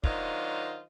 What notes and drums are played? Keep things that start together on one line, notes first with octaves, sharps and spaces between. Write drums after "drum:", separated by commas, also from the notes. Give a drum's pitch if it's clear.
D#3 F#3 D4 F4 C5 D#5, drum: kick